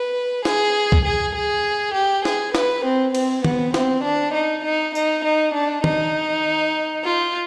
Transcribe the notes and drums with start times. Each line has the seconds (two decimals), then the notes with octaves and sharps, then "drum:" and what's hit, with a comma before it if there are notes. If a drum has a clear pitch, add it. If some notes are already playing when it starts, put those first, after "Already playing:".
Already playing: B4
0.45 G#4, drum: snare
0.92 drum: kick
1.05 G#4
1.36 G#4
1.94 G4
2.25 G#4, drum: snare
2.55 B4, drum: snare
2.85 C4
3.15 C4, drum: cymbal
3.45 B3, drum: tom D#3
3.74 C4, drum: snare
4.04 D4
4.34 D#4
4.65 D#4
4.95 D#4, drum: tambourine
5.25 D#4
5.55 D4
5.84 D#4, drum: tom D#3
7.04 F4